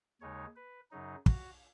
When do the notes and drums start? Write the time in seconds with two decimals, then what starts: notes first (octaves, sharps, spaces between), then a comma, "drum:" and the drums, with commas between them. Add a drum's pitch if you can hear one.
0.21 D#2 C#3 G#3 D#4 C#5
0.56 B4
0.91 F#2 C#3 F#3 D#4
1.26 F#4, drum: kick